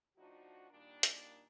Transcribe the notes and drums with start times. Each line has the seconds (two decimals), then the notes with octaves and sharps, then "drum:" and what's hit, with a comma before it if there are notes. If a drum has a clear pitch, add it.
0.17 A2 F3 D4 D#4 F#4
0.71 A#2 D#3 G3 A#3 D4
1.03 drum: hi-hat